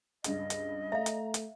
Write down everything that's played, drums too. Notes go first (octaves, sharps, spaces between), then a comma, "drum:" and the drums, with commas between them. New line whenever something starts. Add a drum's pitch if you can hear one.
C#2 G2 D#5, drum: hi-hat
drum: hi-hat
A3 E5 F5 A#5
drum: hi-hat
drum: hi-hat